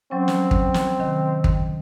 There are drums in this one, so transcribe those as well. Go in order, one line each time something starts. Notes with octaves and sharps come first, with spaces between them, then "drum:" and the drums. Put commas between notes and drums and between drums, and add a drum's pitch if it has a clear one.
F#3 C4 C#4
drum: snare
drum: kick
drum: snare
C3 D#3
drum: kick